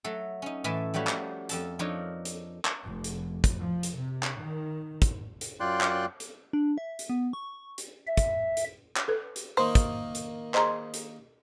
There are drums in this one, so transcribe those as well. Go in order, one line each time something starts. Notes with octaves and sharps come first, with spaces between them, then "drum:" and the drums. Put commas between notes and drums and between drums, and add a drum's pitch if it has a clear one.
F#3 A3 A4
C#4 D#4
A2 E3 A4 E5 G#5 A5
F3 G3 A3 F#4 C#5
drum: clap
F2 A4 A5, drum: hi-hat
F3 D4 D#4 A4 A#4 C#5
drum: hi-hat
drum: clap
F1
drum: hi-hat
drum: kick, hi-hat
F3
drum: hi-hat
C3
drum: clap
D#3
drum: kick, hi-hat
drum: hi-hat
F#2 F4 D5 G5 C6 F#6
drum: clap
drum: hi-hat
D4
E5
drum: hi-hat
B3
C#6
drum: hi-hat
E5
drum: kick, hi-hat
drum: hi-hat
drum: clap
A4 B4
drum: hi-hat
D#3 A#3 D#4 C5
drum: kick, hi-hat
drum: hi-hat
G#4 C5 D#5 A#5 C6, drum: clap
drum: hi-hat